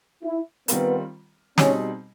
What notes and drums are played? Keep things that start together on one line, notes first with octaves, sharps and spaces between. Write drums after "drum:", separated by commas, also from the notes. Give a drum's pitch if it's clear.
E4
D#3 G3 B3 C4 F4 A#4, drum: hi-hat
B2 G3 C4 C#4 D#4 G#4, drum: snare